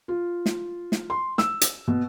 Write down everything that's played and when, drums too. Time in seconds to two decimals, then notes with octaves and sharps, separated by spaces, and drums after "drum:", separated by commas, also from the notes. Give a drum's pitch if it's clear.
0.08 F4
0.46 drum: snare
0.92 drum: snare
1.10 C6
1.38 E6, drum: snare
1.61 drum: hi-hat
1.88 B2